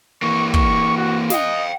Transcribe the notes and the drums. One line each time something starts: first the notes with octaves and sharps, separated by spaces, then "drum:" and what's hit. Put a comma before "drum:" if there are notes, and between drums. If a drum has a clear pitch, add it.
E3 A#3 C#6
C#6, drum: kick
F#4
D#5 F5 G5, drum: snare